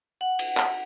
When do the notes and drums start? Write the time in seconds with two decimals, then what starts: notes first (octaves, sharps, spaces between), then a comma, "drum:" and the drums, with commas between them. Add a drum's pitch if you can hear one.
0.21 F#5
0.39 drum: cymbal
0.57 drum: clap